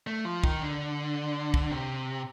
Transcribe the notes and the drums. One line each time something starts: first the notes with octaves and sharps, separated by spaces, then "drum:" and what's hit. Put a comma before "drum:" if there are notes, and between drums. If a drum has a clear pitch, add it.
A3
F3
D#3, drum: kick
D3
drum: kick
C3